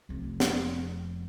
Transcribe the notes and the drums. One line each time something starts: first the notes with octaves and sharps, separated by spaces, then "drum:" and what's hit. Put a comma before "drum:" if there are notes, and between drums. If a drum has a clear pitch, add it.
F1 F2
drum: snare